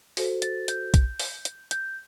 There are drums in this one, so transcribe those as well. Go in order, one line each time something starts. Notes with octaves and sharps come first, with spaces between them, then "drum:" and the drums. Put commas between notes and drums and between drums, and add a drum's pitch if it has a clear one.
F#4 A4 C5, drum: open hi-hat
A6, drum: hi-hat
G6, drum: hi-hat
drum: kick A#1, hi-hat
drum: open hi-hat
drum: hi-hat
G6, drum: hi-hat